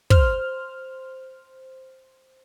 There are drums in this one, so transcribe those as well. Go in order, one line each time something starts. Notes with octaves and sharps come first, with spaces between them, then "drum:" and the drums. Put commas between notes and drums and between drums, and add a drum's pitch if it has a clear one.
C5 F6, drum: kick